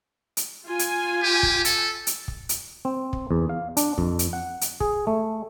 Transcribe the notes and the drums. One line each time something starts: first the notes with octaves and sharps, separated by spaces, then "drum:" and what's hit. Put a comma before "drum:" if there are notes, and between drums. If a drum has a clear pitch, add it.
drum: hi-hat
F4 G#5
drum: hi-hat
G4
drum: kick
A4, drum: hi-hat
drum: hi-hat
drum: kick
drum: hi-hat
C4
drum: kick
E2
F5
D4, drum: hi-hat
F2, drum: kick
drum: hi-hat
F#5
drum: hi-hat
G#4, drum: kick
A3